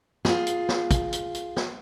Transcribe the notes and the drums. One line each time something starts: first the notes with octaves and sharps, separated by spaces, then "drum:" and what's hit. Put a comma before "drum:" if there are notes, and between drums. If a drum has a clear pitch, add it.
F4 G#4, drum: snare
drum: hi-hat
drum: snare
drum: kick, hi-hat
drum: hi-hat
drum: hi-hat
drum: snare